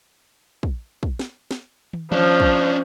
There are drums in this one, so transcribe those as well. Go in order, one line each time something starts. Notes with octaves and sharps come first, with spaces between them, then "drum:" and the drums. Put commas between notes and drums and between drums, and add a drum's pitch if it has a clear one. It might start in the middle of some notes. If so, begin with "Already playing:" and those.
drum: kick
drum: kick
drum: snare
drum: snare
drum: tom
F3 C#4 D4, drum: tom D#3
drum: kick